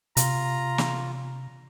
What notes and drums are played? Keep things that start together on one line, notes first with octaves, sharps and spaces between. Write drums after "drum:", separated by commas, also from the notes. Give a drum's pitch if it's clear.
C3 F4 A#5, drum: hi-hat
drum: snare